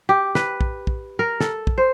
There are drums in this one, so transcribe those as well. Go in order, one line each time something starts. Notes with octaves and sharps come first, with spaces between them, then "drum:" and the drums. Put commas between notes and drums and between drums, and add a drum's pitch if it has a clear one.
G4
B4, drum: snare
drum: kick
drum: kick
A#4
A4, drum: snare
drum: kick
C5